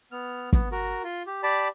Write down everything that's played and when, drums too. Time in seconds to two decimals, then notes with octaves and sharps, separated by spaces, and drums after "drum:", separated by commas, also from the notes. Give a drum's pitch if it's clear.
0.12 B3 F6
0.53 B3, drum: kick
0.72 F#4 A#4
1.04 F4
1.27 G4
1.43 G4 D5 A5 B5